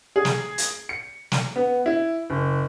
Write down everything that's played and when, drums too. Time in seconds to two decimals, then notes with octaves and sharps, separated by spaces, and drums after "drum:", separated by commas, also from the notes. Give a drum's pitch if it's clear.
0.16 G#4
0.25 drum: snare
0.58 drum: hi-hat
0.89 C#7
1.32 drum: snare
1.56 B3
1.86 E4
2.30 F#1